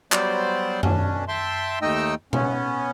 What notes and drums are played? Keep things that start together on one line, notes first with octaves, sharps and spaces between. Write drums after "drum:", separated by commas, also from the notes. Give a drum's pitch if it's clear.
F#3 G3 B3 C5 D5, drum: clap
B2 C#4 D4, drum: tom F#2
E5 G5 A5 C6
D#2 A3 D#4 D#5 G5 E6
B3 C#4, drum: tom B2